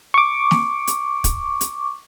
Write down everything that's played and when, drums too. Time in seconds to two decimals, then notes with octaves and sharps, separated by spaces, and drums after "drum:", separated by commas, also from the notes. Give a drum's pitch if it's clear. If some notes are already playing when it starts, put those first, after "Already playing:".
0.14 C#6 D6
0.51 drum: snare
0.87 drum: hi-hat
1.24 drum: kick, hi-hat
1.61 drum: hi-hat